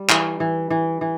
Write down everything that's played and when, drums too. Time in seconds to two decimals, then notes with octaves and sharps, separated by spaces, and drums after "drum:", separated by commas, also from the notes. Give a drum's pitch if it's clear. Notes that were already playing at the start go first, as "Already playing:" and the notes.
Already playing: G3
0.09 E3, drum: clap
0.40 E3
0.70 E3
1.01 E3